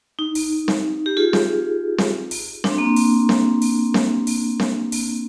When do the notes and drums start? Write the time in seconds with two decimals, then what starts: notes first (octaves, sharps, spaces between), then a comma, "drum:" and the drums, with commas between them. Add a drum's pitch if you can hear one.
0.19 D#4
0.35 drum: open hi-hat
0.68 drum: snare C4
1.06 G4
1.17 F4 G#4
1.33 drum: snare C4
1.99 drum: snare C4
2.31 drum: open hi-hat
2.64 D4, drum: snare C4
2.71 C4
2.78 A#3
2.85 C4
2.96 drum: open hi-hat
3.29 drum: snare C4
3.62 drum: open hi-hat
3.94 drum: snare C4
4.27 drum: open hi-hat
4.60 drum: snare C4
4.92 drum: open hi-hat